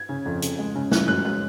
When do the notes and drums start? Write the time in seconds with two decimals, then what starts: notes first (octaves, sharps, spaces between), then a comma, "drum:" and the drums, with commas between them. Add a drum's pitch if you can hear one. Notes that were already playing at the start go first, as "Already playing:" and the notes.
Already playing: G#6
0.09 C#3
0.26 F2
0.42 C#3, drum: hi-hat
0.59 G#3
0.75 C#3
0.92 G#3 F#6, drum: snare
1.08 F#2 F#6
1.25 G#3 F#6